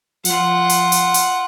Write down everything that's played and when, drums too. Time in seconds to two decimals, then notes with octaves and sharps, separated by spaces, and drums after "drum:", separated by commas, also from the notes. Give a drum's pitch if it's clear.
0.25 F3 F4 F#5, drum: hi-hat
0.69 drum: hi-hat
0.92 drum: hi-hat
1.14 drum: hi-hat